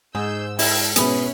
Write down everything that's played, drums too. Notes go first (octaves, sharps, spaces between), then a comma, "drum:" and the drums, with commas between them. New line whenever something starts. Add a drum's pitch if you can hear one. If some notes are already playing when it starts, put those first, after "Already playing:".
G#2 G#4 E6 G6
E4 G5 A5 E6, drum: open hi-hat
B2 B3 C#4 E4 G#4 B4, drum: hi-hat